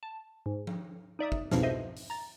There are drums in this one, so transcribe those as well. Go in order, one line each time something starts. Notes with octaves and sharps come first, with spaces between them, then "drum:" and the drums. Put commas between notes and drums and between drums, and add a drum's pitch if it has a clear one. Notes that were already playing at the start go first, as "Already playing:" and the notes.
A5
G#2
drum: tom F3
D#4 D5 E5 D#6
drum: kick
C2 F2 G#2 B2 F3, drum: snare
C5 D#5 E5
drum: open hi-hat
A#5 A6